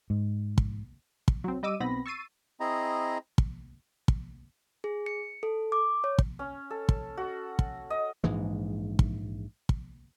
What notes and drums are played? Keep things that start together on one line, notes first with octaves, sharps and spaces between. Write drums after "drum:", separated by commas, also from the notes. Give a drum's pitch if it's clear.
G#2
drum: kick
drum: kick
F#3 C4
G3 D#5 D6 E6 D#7
B1 B3 C4 B5 A#6
C#6 E6 A6 C7 D#7
C4 E4 G#4 D#5 A#5
drum: kick
drum: kick
G#4
C#7
A4
D6
C#5
drum: kick
C#4
A4
drum: kick
F#4
drum: kick
D#5
A#1 G#2 E3 G#3
drum: kick
drum: kick